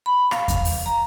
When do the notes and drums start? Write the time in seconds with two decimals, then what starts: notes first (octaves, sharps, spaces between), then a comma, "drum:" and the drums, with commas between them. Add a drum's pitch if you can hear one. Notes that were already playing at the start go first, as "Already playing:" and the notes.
0.06 B5
0.31 F5, drum: rim click
0.48 drum: kick E2, hi-hat
0.65 drum: open hi-hat
0.86 A#5